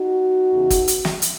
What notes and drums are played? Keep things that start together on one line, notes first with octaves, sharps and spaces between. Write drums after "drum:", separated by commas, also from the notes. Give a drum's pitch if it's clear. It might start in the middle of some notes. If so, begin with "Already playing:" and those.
Already playing: D#4 F#4
E2 C#3 E3
drum: kick, hi-hat
drum: hi-hat
drum: snare
drum: hi-hat